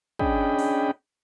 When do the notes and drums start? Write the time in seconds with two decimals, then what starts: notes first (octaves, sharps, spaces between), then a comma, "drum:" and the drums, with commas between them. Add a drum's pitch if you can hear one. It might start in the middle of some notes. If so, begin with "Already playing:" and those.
0.19 C#4 D4 G#4 D#5 G5 B5, drum: kick
0.59 drum: open hi-hat